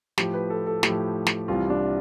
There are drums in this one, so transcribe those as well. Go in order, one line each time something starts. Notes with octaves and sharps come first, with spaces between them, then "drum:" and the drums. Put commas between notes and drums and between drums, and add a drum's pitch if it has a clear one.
A2 F3 G4, drum: snare
B4
A4
A4
A2 F3 G4, drum: snare
drum: snare
C2 C3 E3 G3 F4
D4